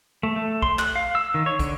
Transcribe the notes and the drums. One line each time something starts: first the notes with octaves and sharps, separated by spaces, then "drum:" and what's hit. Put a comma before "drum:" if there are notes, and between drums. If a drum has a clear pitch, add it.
A3
A3
C6, drum: kick
F#6, drum: clap
F5
E6
D#3
C#5
D3, drum: kick, hi-hat